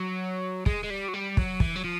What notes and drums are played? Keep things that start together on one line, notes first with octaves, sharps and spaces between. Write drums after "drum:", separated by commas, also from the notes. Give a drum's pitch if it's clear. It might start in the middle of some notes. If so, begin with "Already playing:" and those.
Already playing: F#3
G#3, drum: kick
G#3
G3
F#3
G3
F#3, drum: kick
E3, drum: kick
F#3
F3